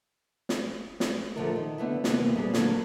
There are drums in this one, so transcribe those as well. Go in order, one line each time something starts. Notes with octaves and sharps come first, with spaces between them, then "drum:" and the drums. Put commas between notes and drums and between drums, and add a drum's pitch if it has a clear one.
drum: snare
drum: snare
D3 F3 A3 D4 A#4
D#3
D3 A3 B3 C4 E4
D#2 C3 E3 A#3 B3, drum: snare
G3 C4 G#4
D3 F#3 A#3, drum: snare